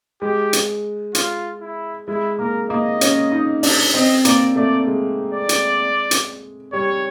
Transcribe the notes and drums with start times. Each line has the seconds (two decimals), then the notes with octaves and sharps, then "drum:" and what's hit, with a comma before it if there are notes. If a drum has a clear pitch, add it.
0.22 G#3 G4
0.53 drum: hi-hat
1.15 F4, drum: hi-hat
1.61 E4
2.08 G#3 E4
2.39 A#3 A#4
2.70 A#3 D#5
3.01 C#4, drum: hi-hat
3.32 D#4
3.63 D4, drum: open hi-hat
3.94 C4 D#5
4.25 A#3 D5, drum: hi-hat
4.56 A3 D5
4.87 G#3
5.34 D5
5.49 drum: hi-hat
6.11 drum: hi-hat
6.73 G3 C#5